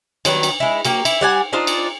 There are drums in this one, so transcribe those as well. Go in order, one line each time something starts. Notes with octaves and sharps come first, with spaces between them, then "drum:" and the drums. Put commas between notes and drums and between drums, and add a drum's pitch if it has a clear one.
D#3 F#3 G3 B3, drum: cymbal
drum: cymbal
G#3 E4
F#3 A#3 G4, drum: cymbal
E4, drum: cymbal
G3 F#5 G#5
D4 D#4 F4 C5
drum: cymbal